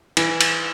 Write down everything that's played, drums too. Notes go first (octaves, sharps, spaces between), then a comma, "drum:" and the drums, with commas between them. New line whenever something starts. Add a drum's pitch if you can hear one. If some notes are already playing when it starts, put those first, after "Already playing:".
E3, drum: cymbal
drum: cymbal